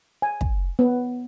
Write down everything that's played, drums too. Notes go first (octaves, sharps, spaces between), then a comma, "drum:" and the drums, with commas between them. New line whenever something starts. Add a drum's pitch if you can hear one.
G#5
drum: kick
B3